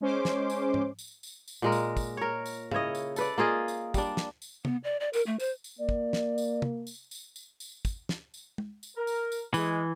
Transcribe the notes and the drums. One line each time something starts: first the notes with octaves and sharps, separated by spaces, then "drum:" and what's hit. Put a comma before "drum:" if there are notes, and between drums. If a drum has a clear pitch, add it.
G#3 C#4 C5 C6 D6
drum: snare
drum: tambourine
drum: tom G#2
drum: tambourine
drum: tambourine
drum: tambourine
A#2 G#3 A#4
drum: tambourine
drum: kick, tambourine
A#4 C#5
drum: tambourine
C#3 E4 C#5 D#5, drum: tom G#2
drum: tambourine
A4 B4 D5, drum: tambourine
A#3 F4 G#4 D#5
drum: tambourine
G3 D4, drum: kick, tambourine
drum: snare
drum: tambourine
B3, drum: tom
D5
D5
A#4, drum: tambourine
A3
C5, drum: tambourine
drum: tambourine
A#3 D5
drum: kick
drum: snare
drum: tambourine
drum: tom
drum: tambourine
drum: tambourine
drum: tambourine
drum: tambourine
drum: kick, tambourine
drum: snare
drum: tambourine
drum: tom
drum: tambourine
A#4
drum: tambourine
drum: tambourine
E3 G#3, drum: tambourine